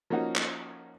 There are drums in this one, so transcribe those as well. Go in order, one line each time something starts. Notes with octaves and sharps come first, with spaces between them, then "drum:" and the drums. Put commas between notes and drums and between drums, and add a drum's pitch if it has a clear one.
F3 A#3 C#4 D#4 F#4
drum: clap